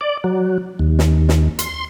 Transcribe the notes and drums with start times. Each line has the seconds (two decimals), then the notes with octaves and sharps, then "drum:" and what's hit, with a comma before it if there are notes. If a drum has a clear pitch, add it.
0.01 D5
0.24 F#3
0.79 D#2
0.99 drum: snare
1.29 drum: snare
1.59 C6, drum: hi-hat